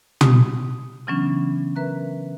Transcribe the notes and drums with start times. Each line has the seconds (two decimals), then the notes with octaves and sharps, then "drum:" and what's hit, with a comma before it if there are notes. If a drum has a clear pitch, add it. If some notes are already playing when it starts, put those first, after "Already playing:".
0.21 D#6, drum: tom
1.07 C#3 E3 F#3 B3 C#4 D4
1.76 A#4 B4 E5 A#5 F#6